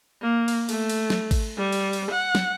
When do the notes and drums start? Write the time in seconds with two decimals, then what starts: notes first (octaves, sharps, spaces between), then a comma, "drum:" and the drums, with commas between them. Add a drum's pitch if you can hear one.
0.22 A#3
0.48 drum: cymbal
0.69 A3, drum: cymbal
0.89 drum: cymbal
1.10 drum: snare
1.31 drum: kick G#1, cymbal
1.58 G3
1.72 drum: cymbal
1.93 drum: cymbal
2.11 F#5
2.35 drum: snare